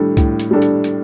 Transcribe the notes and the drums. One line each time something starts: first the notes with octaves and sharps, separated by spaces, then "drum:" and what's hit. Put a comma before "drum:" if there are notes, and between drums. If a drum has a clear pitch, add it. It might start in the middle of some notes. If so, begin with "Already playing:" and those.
Already playing: A2 G3 D4 A4
A2, drum: kick C#2, hi-hat
drum: hi-hat
G3 D4 A4
drum: hi-hat
drum: hi-hat